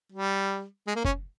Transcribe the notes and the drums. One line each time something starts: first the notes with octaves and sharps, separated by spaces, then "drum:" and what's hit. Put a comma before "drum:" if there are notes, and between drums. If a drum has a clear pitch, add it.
G3
G#3
A#3
C#4, drum: kick